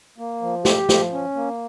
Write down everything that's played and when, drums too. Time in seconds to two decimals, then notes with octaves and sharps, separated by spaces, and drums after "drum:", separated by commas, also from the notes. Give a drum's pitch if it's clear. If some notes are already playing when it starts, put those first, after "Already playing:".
0.18 A#3
0.42 F3
0.65 G4, drum: snare
0.89 F3, drum: snare
1.13 C#4
1.36 A#3